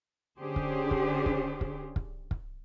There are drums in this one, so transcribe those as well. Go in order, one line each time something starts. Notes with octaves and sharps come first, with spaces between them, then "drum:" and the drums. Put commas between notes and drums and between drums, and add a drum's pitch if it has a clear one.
D3 C#4 D4 G4 G#4 C5
drum: kick
drum: kick
drum: kick
drum: kick
drum: kick
drum: kick